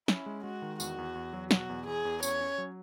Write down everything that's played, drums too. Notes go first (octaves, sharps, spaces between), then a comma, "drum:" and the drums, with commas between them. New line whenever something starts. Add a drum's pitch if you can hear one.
C#4 E4, drum: snare
G#3
G#3 F#4
D#3
E2 F#4, drum: tambourine
E2
E2
F#3
B2 F#4, drum: snare
E2
E2 G#4
E2
C#4 C#5, drum: tambourine
C#4
F#3